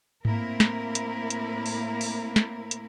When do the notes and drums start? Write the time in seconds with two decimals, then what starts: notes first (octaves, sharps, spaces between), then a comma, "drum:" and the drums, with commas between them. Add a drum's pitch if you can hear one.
0.25 A2 A#3 C4 E4 A#4, drum: tom G#2
0.60 drum: snare
0.95 drum: hi-hat
1.30 drum: hi-hat
1.66 drum: open hi-hat
2.01 drum: open hi-hat
2.36 drum: snare
2.71 drum: hi-hat